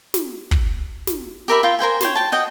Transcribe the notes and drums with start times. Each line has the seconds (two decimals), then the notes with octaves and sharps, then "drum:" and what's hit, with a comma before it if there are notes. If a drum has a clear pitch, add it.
0.14 drum: snare
0.51 drum: kick
1.07 drum: snare
1.48 G4 A#4 E5 B5
1.63 F4 G5
1.79 A#4 C5 G5 G#5
2.01 C5 C#5 G5, drum: snare
2.15 G5 A5
2.32 F#4 D#5 G5